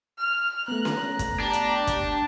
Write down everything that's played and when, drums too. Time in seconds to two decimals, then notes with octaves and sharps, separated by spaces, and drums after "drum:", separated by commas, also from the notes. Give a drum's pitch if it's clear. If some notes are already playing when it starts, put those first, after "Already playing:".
0.18 F6
0.68 A3 B3 A#5 F#6
0.85 drum: snare C#4
1.19 drum: kick, hi-hat
1.40 D4 G4
1.53 drum: hi-hat
1.87 drum: kick, hi-hat